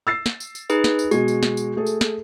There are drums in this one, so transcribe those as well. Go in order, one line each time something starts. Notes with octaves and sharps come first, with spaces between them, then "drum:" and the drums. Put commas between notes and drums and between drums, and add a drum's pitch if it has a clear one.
E6 A6 C7
drum: snare
drum: tambourine
drum: tambourine
D#4 G#4 B4, drum: tambourine
drum: snare
drum: tambourine
B2 G#3 F#4, drum: tambourine
drum: tambourine
drum: snare
drum: tambourine
A3 G#4 A4
drum: tambourine
drum: snare